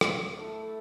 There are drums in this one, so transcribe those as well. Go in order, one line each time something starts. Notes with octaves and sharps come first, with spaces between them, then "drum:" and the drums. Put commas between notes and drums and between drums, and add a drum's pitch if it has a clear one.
drum: rim click
A3 E4 A4